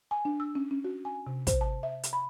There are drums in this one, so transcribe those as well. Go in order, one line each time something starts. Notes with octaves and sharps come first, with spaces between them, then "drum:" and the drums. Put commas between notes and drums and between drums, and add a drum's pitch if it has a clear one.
G#5
D4
E6
C#4
C#4
F#4
G#5
C3
C5, drum: kick, hi-hat
A5
E5
drum: hi-hat
B5